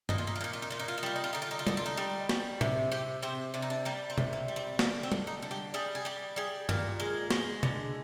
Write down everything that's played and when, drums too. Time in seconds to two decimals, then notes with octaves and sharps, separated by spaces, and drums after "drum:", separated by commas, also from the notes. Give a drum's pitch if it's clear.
0.09 A#2 D#4, drum: tom G2
0.18 F4
0.27 D#4
0.36 F4
0.41 A#2 D#4
0.53 F4
0.62 D#4
0.71 A#2 F4
0.80 D#4
0.88 F4
0.98 D#4
1.03 G3 F4
1.16 D#4
1.24 F4
1.33 D3 D#4
1.42 F4
1.51 D#4
1.59 F4
1.67 D3 D#4, drum: tom
1.77 F4
1.86 D#4
1.97 G3
2.29 G3, drum: snare
2.61 C3, drum: tom A2
2.92 C3 G4
3.22 C3 C4
3.54 C3 D4
3.62 D#4
3.70 D4
3.85 G3 A#3
4.10 C4
4.18 C3, drum: tom B2
4.33 A#3
4.48 G3
4.56 C4
4.79 D3 A#3, drum: snare
5.03 C4
5.12 D3, drum: tom
5.27 D#4
5.42 D3
5.51 G4
5.74 G3 G#4
5.95 G#4
6.05 G3 G4
6.36 G3 G#4
6.69 A#2 A#4, drum: tom G2
7.00 G#3
7.30 G#3, drum: snare
7.63 D3, drum: tom B2